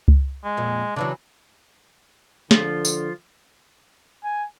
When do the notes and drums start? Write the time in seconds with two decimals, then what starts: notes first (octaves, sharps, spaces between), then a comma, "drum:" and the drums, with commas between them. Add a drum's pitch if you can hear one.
0.08 drum: kick C#2
0.45 G#3
0.57 F2 A#2
0.96 C#3 E3 F#3 D4
2.51 D3 F3 F4, drum: snare
2.85 drum: tambourine
4.24 G#5